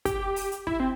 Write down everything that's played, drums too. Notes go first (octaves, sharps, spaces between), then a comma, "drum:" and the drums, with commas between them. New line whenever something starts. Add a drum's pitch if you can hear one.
G4, drum: kick, hi-hat
drum: open hi-hat
drum: hi-hat
E4, drum: kick
C4